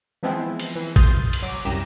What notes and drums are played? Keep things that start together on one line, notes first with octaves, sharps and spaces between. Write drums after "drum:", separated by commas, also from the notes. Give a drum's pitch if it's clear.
E3 F3 G#3 B3 C4 E4
drum: cymbal
E3
C6 D#6 F6 G6 A6, drum: kick G#1
drum: cymbal
F#3 D6
C2 F#2 G4 A#5 D#7 E7